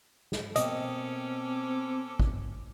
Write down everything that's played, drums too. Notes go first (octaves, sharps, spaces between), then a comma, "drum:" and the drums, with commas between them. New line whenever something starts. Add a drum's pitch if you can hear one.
drum: snare
B2 A#3 C4 C#4 A4 D#5 D6, drum: hi-hat
drum: kick